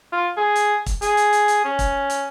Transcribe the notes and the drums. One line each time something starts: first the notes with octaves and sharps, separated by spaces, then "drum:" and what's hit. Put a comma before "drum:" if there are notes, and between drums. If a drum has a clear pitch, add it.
F4
G#4
drum: hi-hat
drum: kick, hi-hat
G#4, drum: hi-hat
drum: hi-hat
drum: hi-hat
drum: hi-hat
C#4
drum: kick, hi-hat
drum: hi-hat